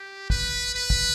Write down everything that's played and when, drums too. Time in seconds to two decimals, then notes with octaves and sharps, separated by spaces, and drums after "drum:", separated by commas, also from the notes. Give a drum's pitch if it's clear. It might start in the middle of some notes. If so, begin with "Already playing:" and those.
Already playing: G4
0.30 B4, drum: kick
0.75 B4
0.90 drum: kick